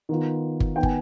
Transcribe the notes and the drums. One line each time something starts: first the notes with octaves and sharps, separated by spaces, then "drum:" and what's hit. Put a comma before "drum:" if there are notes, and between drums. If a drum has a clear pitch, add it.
D#3 B3 F4
drum: kick
D#3 B3 D#4 G5
G#5, drum: kick